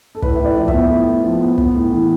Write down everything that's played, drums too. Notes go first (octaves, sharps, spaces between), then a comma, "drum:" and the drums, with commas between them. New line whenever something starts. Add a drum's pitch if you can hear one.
A4
A2 B4, drum: kick
A2 E5
D5
F3
E5, drum: kick
B3
A2
A2
F3
B3
B3, drum: kick
A2
E3